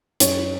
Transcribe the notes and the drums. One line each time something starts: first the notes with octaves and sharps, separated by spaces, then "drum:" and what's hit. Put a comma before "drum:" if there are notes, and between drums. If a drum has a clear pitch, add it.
F#2 C#5, drum: hi-hat